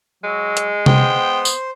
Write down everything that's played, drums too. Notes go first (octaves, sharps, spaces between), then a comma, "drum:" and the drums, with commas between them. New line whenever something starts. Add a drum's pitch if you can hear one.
F#3 G#3
drum: hi-hat
B3 C5 G5, drum: tom C3
drum: tambourine